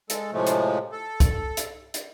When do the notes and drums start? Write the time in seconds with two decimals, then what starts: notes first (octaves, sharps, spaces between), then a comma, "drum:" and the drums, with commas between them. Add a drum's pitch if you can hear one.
0.10 G#3 A4, drum: hi-hat
0.33 A2 C3 F3 G#3 A3
0.47 drum: hi-hat
0.92 A4
1.20 drum: kick C2, hi-hat
1.57 drum: hi-hat
1.94 drum: hi-hat